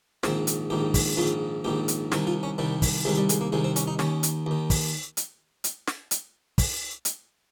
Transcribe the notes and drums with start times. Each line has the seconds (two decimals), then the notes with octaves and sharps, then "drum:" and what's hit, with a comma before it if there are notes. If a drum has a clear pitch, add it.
0.23 A#1 G#2 D#3 C4, drum: snare
0.47 drum: hi-hat
0.70 A#1 G#2 D#3 G4
0.94 drum: kick, open hi-hat
1.17 A#1 G#2 D#3 F4
1.64 A#1 G#2 D#3 G4
1.88 drum: hi-hat
2.12 C2 C3 D#3, drum: snare
2.27 F4
2.43 C#4
2.58 C2 C3 D#3 G3
2.82 drum: kick, open hi-hat
3.05 C2 C3 D#3 G#3
3.17 G3
3.29 G#3, drum: hi-hat
3.41 A#3
3.52 C2 C3 D#3 G#3
3.64 C4
3.76 C#4, drum: hi-hat
3.87 D#4
3.99 D#2 D#3 C#4, drum: snare
4.23 drum: hi-hat
4.46 D#2 D#3
4.70 drum: kick, open hi-hat
5.17 drum: hi-hat
5.64 drum: hi-hat
5.87 drum: snare
6.11 drum: hi-hat
6.58 drum: kick, open hi-hat
7.05 drum: hi-hat